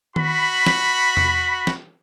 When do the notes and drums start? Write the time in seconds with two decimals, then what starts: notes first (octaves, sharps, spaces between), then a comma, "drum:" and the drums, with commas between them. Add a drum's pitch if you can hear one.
0.16 F#4 B5, drum: tom D#3
0.66 drum: snare
1.17 drum: tom E2
1.67 drum: snare